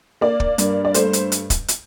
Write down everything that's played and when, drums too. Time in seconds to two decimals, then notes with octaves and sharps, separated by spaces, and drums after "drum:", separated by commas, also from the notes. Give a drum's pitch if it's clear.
0.21 A#3 D5
0.40 drum: kick
0.58 G2, drum: hi-hat
0.85 D5
0.94 A3 C5, drum: hi-hat
1.13 drum: hi-hat
1.32 drum: hi-hat
1.50 drum: kick, hi-hat
1.68 drum: hi-hat